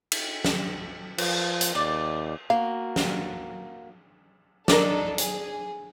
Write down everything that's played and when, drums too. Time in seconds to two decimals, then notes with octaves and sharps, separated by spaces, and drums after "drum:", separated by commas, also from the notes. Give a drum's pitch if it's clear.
0.12 drum: cymbal
0.45 drum: snare
1.18 F3, drum: cymbal
1.61 drum: hi-hat
1.75 D#2 D5
2.50 A#3 F#4 F5
2.96 drum: snare
4.68 D4 D#4 A4 A#4 D5, drum: snare
5.18 G#4, drum: hi-hat